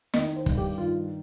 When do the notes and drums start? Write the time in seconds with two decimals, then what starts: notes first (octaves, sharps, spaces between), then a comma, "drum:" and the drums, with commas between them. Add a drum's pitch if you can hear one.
0.14 D#3 D#5, drum: snare
0.36 C5
0.46 G2, drum: kick
0.57 G4
0.78 D#3 F4